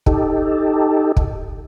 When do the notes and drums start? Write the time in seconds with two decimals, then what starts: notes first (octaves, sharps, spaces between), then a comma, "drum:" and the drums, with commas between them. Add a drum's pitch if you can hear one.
0.06 D#4 G4 A4, drum: kick
1.17 drum: kick